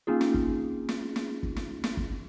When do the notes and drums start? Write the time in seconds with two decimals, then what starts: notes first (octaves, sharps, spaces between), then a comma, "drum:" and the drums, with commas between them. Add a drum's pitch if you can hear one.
0.07 A#3 C4 C#4 D#4 F4 G#4
0.21 drum: snare
0.34 drum: kick
0.89 drum: snare
1.16 drum: snare
1.43 drum: kick
1.56 drum: snare
1.84 drum: snare
1.97 drum: kick